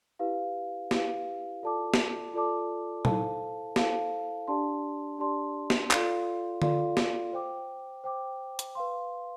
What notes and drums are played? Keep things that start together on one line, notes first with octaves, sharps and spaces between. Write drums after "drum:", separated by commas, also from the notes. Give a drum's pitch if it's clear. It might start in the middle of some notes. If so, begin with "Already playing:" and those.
E4 G4 B4 F5
E4 G4 B4 F5, drum: snare
F4 A4 D5 A5 D6
drum: snare
F4 A4 D5 A5 D6
E4 A4 C5 F5 A5, drum: tom
E4 A4 C5 F5 A5, drum: snare
D4 G4 D5 A5 C6
D4 G4 D5 A5 C6
drum: snare
F4 A4 D5 F5 C6, drum: clap
F4 A4 D5 F5 C6, drum: tom D3
drum: snare
C5 G5 D6
C5 G5 D6
drum: hi-hat
B4 F5 C6